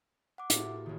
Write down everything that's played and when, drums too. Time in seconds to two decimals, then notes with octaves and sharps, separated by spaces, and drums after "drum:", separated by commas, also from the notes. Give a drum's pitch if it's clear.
0.38 F#5 D6
0.50 A2 A#3 E4 F#4 G4 A4, drum: hi-hat
0.86 A1 D#3